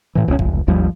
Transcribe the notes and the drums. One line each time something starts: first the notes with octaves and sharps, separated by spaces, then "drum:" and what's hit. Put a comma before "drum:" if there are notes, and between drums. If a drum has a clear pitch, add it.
A2 E3
D#1 C#2 A#3 C#4
F1 C#2, drum: kick
G#1 D#2 F3 G3